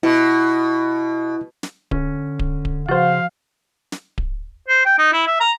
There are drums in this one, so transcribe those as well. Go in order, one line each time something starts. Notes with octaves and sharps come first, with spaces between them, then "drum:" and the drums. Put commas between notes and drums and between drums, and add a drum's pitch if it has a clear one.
B2 E4
drum: snare
D3 C#4, drum: kick D1
drum: kick D1
drum: kick D1
C#3 F3 F#4 C5 F5
drum: snare
drum: kick D1
C5
G5
D#4
E4
E5
A#5